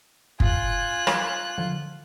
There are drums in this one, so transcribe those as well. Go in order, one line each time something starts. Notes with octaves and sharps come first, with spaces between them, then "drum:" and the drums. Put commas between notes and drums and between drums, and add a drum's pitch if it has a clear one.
F4 G#5 F#6, drum: kick
drum: rim click
D3 F3